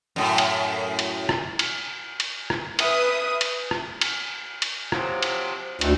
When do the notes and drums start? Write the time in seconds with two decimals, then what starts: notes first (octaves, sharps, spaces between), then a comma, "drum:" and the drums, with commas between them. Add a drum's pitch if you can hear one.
0.16 F#2 A2
0.38 drum: cymbal
0.99 drum: cymbal
1.29 drum: rim click
1.59 drum: cymbal
2.20 drum: cymbal
2.50 drum: rim click
2.79 B4 E5 D#6, drum: cymbal
3.41 drum: cymbal
3.71 drum: rim click
4.01 drum: cymbal
4.62 drum: cymbal
4.92 C3 F3 F#3, drum: rim click
5.23 drum: cymbal
5.81 D2 G2 E3 D#4, drum: cymbal